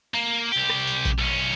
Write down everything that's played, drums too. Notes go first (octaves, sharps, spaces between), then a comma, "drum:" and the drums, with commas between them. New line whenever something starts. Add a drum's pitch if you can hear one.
A#3
C2 G4
drum: rim click
drum: tambourine
drum: kick A#1, tambourine
B1 C#4